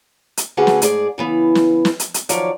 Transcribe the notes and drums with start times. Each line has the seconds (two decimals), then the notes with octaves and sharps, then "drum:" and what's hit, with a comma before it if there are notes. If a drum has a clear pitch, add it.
0.37 drum: hi-hat
0.57 D2 D3 C#4 F#4 G#4 B4
0.67 drum: snare
0.82 G#2 G#4 D5, drum: hi-hat
1.18 C#3 E3 B3
1.55 drum: snare
1.85 drum: snare
2.00 drum: hi-hat
2.14 drum: hi-hat
2.29 D#3 F3 F#3 C#5 D5, drum: hi-hat